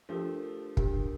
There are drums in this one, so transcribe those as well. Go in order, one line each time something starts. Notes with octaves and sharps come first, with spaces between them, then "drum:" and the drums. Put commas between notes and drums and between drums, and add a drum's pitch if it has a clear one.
F3 A3 D4 G4 A#4
D4 G4 A#4, drum: kick